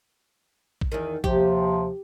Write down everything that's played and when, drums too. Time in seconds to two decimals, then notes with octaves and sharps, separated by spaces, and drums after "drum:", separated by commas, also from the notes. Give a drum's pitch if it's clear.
0.81 drum: kick A#1
0.92 E2 D#3
1.24 D#2 C3 F3 G4, drum: kick A#1